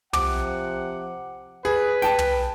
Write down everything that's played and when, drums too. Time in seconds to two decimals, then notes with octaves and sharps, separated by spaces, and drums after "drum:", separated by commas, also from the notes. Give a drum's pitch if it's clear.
0.13 C3 F3 F#5 D6, drum: tom
1.65 G#4 B4
2.02 G5 A5, drum: snare
2.18 drum: tom